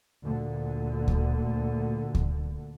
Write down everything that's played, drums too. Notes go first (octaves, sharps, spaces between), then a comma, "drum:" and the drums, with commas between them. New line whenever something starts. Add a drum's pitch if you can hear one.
D2 A#2 D3
drum: kick D2
drum: kick D2